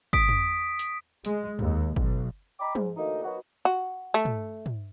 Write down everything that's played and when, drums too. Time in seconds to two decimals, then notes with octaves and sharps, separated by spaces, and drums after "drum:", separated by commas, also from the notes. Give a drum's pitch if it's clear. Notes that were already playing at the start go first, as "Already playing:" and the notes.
0.13 D#6 B6 D7, drum: kick
0.29 drum: tom
0.79 drum: hi-hat
1.25 G#3, drum: hi-hat
1.59 D#2, drum: tom
1.96 B1, drum: kick
2.60 D#5 G5 A#5 B5 D6
2.75 G#2, drum: tom
2.97 D2 A#3 D#4
3.24 F#3 A#3 B3 D#4 F#4
3.65 F#4
4.14 A3
4.25 drum: tom
4.66 drum: tom